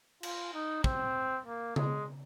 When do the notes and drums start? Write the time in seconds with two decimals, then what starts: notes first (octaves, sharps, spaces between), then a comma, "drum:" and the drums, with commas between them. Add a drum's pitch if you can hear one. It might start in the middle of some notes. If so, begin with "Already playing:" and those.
0.23 F4, drum: cymbal
0.54 D#4
0.84 C4, drum: kick
1.46 A#3
1.76 G#3, drum: tom C#3